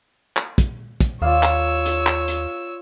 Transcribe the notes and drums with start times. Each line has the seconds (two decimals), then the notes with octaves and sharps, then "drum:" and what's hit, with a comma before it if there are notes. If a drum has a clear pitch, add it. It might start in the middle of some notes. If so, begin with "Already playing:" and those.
0.37 drum: clap
0.58 drum: kick, hi-hat
1.00 drum: kick, hi-hat
1.22 D#2 F4 C#5 D5 F5 E6
1.43 drum: clap
1.85 drum: hi-hat
2.07 drum: clap
2.28 drum: hi-hat